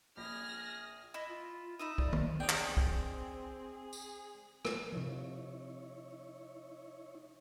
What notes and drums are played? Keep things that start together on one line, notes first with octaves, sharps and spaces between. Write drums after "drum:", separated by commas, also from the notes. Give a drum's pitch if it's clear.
A#1 G#4 B5 F6 A#6
E4 D#5
F4
D#4 D#5 E5 B5
D5, drum: kick
drum: tom
C4 D4 D#4 G#4 G5
drum: clap
drum: kick
drum: tambourine
drum: rim click
C3 F3 D#4 E4 C#5